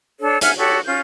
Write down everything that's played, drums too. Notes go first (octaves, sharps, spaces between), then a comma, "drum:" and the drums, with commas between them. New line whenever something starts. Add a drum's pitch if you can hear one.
D4 A4 C#5
E5 F#5 G#5 F6, drum: hi-hat
F#4 G4 A4 C#5
C#4 F4 G6